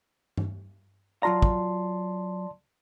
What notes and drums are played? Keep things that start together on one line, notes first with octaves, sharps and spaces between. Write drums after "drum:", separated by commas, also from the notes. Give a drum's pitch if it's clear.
drum: tom G2
F#3 F4 D5 A5 A#5 C6
drum: kick